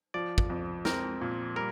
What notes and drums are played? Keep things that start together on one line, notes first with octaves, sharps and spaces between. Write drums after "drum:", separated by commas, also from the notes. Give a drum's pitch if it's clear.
F3 D5
drum: kick
F2
C4 A#4, drum: snare
A#2
G3 A#4